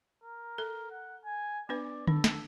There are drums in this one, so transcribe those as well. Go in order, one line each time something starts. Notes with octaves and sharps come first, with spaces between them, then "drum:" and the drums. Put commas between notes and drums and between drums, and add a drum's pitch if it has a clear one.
A#4
A4
F#5
G#5
B3 D4 B4 D5
D4 A4, drum: tom D3
drum: snare